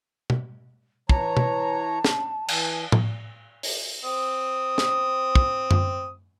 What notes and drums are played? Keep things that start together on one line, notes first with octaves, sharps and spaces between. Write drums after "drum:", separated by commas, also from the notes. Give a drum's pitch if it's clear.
drum: tom B2
E3 C#5 A5 A#5, drum: kick
drum: tom B2
drum: snare
E3 G#5, drum: cymbal
drum: tom A2
drum: open hi-hat
C4 D#6
drum: snare
drum: kick
drum: tom F#2